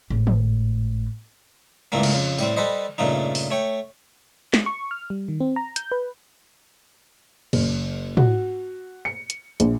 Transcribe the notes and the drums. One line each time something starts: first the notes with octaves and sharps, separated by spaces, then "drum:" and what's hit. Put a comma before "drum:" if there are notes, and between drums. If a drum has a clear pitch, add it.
G#1 A2
drum: tom
C#2 G2 C3 E3 A3 A#3
drum: cymbal
F2 C#3
A2 G3 C4, drum: tambourine
G3 A4 B4 C5 D#5
G2 A#2 C#3 A3 D#4
drum: open hi-hat
A3 C#5 G5
drum: snare
C#6
F6
G3
D#3
C4
A#5
G6, drum: hi-hat
B4
F#1, drum: cymbal
F#4, drum: tom
C#7
drum: hi-hat
A#1, drum: hi-hat